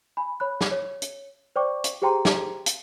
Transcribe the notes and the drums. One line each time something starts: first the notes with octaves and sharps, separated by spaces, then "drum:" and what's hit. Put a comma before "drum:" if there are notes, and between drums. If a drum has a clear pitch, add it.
G#5 B5
C#5 B5 F#6
drum: snare
C#5
drum: hi-hat
C5 D5 G5 C#6 D6
drum: hi-hat
G4 G#4 C5 G5 A#5 C6
drum: snare
drum: hi-hat